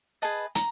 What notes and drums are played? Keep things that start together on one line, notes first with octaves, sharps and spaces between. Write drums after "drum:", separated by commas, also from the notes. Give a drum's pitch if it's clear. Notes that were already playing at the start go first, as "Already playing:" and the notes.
G#4 B4 D#5 A5
A#5, drum: hi-hat